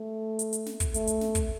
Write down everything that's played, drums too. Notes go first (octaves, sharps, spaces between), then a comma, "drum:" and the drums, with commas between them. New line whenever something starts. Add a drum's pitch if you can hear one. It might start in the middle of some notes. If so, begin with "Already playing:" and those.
Already playing: A3
drum: hi-hat
drum: hi-hat
drum: snare
drum: kick, hi-hat
A3, drum: hi-hat
drum: hi-hat
drum: snare
drum: kick, hi-hat